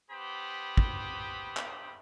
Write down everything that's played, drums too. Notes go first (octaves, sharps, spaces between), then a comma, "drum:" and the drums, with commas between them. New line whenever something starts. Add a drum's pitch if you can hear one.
B3 G4 C5 B5 D#6
drum: kick
drum: clap